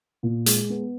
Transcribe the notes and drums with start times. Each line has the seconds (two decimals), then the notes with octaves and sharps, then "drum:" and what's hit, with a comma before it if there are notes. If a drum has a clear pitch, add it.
0.23 A#2
0.46 G#3, drum: hi-hat
0.70 B3